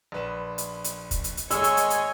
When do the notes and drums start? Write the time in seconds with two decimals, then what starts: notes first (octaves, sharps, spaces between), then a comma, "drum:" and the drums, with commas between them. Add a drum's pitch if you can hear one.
0.12 A#1 B4 E7
0.58 drum: hi-hat
0.84 drum: hi-hat
1.11 drum: kick, hi-hat
1.24 drum: hi-hat
1.37 drum: hi-hat
1.51 G#1 G#3 C#5 G#5 C#6 E6, drum: hi-hat
1.64 drum: hi-hat
1.77 drum: hi-hat
1.90 drum: hi-hat